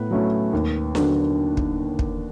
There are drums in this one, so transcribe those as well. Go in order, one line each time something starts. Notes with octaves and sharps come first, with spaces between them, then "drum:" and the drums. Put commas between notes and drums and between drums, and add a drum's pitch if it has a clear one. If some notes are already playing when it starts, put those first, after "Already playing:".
Already playing: A2 B3 B4
F#3 A3 C#4
D#2
D3 F#3 B3 D4, drum: snare D4
drum: kick
drum: kick